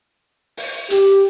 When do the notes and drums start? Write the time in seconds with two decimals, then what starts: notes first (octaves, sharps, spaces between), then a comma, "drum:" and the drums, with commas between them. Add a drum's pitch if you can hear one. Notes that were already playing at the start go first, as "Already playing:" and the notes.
0.57 drum: open hi-hat
0.90 G4, drum: hi-hat